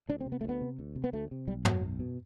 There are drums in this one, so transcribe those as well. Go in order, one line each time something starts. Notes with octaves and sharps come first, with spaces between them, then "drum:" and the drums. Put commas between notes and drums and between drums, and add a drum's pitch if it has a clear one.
D2 D4
C4
C3
B3
A3
D2 B3
C3
D2
C3
B3
D2 A3
C3
B1 G3
B2 F#3, drum: tom
B1
B2